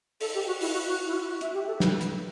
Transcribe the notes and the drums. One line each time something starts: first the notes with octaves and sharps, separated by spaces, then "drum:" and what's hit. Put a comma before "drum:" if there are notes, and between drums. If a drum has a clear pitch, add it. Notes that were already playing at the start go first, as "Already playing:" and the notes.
A4, drum: open hi-hat
G4
F#4
E4, drum: open hi-hat
F#4
F#4
E4
F#4
F#4
E5, drum: hi-hat
G4
A4
B4, drum: snare
drum: hi-hat